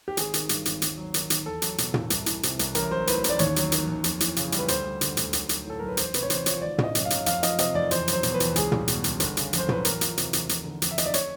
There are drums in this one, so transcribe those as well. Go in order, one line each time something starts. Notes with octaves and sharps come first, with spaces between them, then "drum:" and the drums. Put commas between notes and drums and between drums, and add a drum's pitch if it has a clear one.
G4
G#1 G#4, drum: hi-hat
D#3, drum: hi-hat
G2, drum: hi-hat
G#1, drum: hi-hat
D#2, drum: hi-hat
F#3
D#3, drum: hi-hat
D#2, drum: hi-hat
E2 A4
F#3, drum: hi-hat
B2, drum: hi-hat
E2, drum: tom
C2, drum: hi-hat
E3, drum: hi-hat
C3, drum: hi-hat
C2, drum: hi-hat
A1 A#4, drum: hi-hat
F#3 C5
A2 B4, drum: hi-hat
A1, drum: hi-hat
D5
D#2 C#5, drum: hi-hat
F#3, drum: hi-hat
D#3, drum: hi-hat
D#2
F2, drum: hi-hat
E3, drum: hi-hat
C#3, drum: hi-hat
G3, drum: hi-hat
B4
D2 C5, drum: hi-hat
G3
D3, drum: hi-hat
D2, drum: hi-hat
B1, drum: hi-hat
F#3, drum: hi-hat
A2 A4
B1 A#4
B4
E1 C5, drum: hi-hat
C3 B4, drum: hi-hat
C#5
E2 C5, drum: hi-hat
F3 C#5, drum: hi-hat
G#1 D5
C#3, drum: tom
D#5
F#2, drum: hi-hat
F5
F#3, drum: hi-hat
F2 F5, drum: hi-hat
F3 D#5, drum: hi-hat
C3 D#5, drum: hi-hat
F2 D5
E2 C5, drum: hi-hat
F#3, drum: hi-hat
C5
B2, drum: hi-hat
B4
E2, drum: hi-hat
C#2 G#4, drum: hi-hat
G3, drum: tom
B2, drum: hi-hat
C#2, drum: hi-hat
G1, drum: hi-hat
C#3, drum: hi-hat
F2, drum: hi-hat
C5
F#3 B4, drum: tom
E2 A#4, drum: hi-hat
F3, drum: hi-hat
C3, drum: hi-hat
E2, drum: hi-hat
F1, drum: hi-hat
D3
F2, drum: hi-hat
E5
F1 D#5, drum: hi-hat
D5
C#5, drum: hi-hat